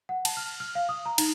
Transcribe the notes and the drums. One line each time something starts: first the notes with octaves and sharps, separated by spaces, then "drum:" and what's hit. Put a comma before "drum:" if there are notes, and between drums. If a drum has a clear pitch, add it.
F#5
A5, drum: cymbal
F6
F6
F5
D#6
A#5
D#4, drum: cymbal